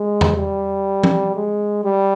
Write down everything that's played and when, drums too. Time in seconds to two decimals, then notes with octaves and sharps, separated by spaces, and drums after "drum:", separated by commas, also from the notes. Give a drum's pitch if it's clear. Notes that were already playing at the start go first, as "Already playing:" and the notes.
Already playing: G#3
0.21 drum: tom E2
0.36 G3
1.03 drum: tom F3
1.35 G#3
1.84 G3